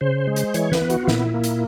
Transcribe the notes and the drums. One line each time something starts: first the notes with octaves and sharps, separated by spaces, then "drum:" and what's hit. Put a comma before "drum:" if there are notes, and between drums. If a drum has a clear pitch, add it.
C#3 C5
G#3
drum: hi-hat
E3 C#5, drum: hi-hat
B4, drum: snare
B3
F#4, drum: hi-hat
F4
A#2 E4, drum: snare
A#3
drum: hi-hat